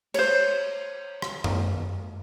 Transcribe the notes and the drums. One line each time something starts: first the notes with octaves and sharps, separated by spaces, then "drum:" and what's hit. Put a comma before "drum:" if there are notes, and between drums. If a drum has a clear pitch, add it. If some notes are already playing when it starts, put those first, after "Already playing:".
C5 C#5, drum: cymbal
drum: rim click
drum: tom F#2